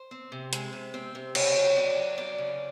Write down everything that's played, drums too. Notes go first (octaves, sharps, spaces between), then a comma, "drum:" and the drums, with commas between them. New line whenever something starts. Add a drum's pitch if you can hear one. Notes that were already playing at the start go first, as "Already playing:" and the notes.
Already playing: C5
C4
C3
G#3, drum: hi-hat
C3
C4
C3
C#3 C#5, drum: cymbal
F#3
F2 D5
F#3
F2 D5
C#3